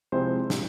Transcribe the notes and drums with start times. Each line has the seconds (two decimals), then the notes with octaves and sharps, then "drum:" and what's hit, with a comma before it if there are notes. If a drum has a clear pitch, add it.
0.12 C3 F3 G#3 C4 E4 C5
0.50 drum: snare